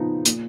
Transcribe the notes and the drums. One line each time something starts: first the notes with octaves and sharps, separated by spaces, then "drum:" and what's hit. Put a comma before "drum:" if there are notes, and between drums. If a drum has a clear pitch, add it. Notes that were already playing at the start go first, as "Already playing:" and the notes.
Already playing: C#3 F3 B3 D#4
A#2, drum: hi-hat